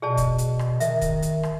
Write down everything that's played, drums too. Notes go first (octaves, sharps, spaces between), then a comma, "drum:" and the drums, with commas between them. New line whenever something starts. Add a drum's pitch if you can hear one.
B2 G#4 D5 A5
drum: kick, hi-hat
drum: hi-hat
drum: rim click
D#3 E5, drum: hi-hat
drum: kick, hi-hat
drum: hi-hat
drum: rim click